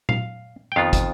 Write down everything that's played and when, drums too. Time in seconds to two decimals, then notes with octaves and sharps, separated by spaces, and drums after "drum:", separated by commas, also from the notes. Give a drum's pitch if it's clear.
0.09 F5, drum: tom A#2
0.72 G5
0.76 F2 D#3 B3 F4 F5
0.93 drum: kick, hi-hat